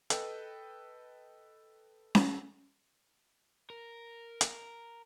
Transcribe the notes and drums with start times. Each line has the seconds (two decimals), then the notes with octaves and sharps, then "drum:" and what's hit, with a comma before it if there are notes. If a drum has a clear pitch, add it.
0.10 A4 B4 D#5 G5, drum: hi-hat
2.15 drum: snare C#4
3.70 A#4
4.41 drum: hi-hat